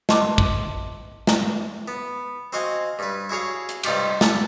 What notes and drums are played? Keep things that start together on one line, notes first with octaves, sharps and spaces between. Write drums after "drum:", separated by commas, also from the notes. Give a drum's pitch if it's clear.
D#5 A5 C6 D6 E6, drum: snare
drum: kick
drum: snare
B3
C4 F#4 D#5 F5 G#5
G2 B4
E4 F#4 G#4 C#5 F5
drum: hi-hat
G2 C3 D#4 F4 G4 C#6, drum: cymbal
D5 E5 F#5 A5, drum: snare